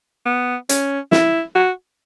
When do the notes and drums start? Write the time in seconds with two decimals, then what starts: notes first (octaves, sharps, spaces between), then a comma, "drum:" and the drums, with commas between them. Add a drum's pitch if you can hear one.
0.26 B3
0.69 C#4, drum: hi-hat
1.12 E4, drum: snare
1.55 F#4